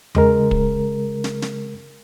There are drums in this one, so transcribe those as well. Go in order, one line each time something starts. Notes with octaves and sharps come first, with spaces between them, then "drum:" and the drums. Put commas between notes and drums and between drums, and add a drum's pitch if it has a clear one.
C#3 G#3 A#4, drum: tom E2
drum: kick
drum: snare
drum: snare